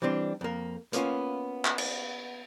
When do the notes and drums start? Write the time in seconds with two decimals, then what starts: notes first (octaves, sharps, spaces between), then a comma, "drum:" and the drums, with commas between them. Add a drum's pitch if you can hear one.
0.02 E3 G3 C4 D4
0.41 F2 A#3
0.93 A#3 B3 C#4 F4, drum: hi-hat
1.65 drum: clap
1.78 drum: cymbal